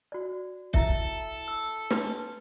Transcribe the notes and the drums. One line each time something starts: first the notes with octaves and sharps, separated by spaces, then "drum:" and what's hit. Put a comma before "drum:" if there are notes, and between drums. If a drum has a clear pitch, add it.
F#4 D5
E4 A4 E5, drum: kick
E6
D4 B4 C6, drum: snare